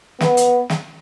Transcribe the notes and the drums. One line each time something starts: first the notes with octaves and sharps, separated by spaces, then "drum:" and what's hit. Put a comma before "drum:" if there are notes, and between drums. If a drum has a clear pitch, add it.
B3, drum: snare
drum: hi-hat
drum: snare